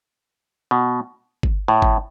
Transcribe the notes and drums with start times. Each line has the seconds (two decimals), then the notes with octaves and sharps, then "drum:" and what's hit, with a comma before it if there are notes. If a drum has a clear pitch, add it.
0.71 B2
1.43 drum: kick G1
1.68 A2
1.82 drum: kick G1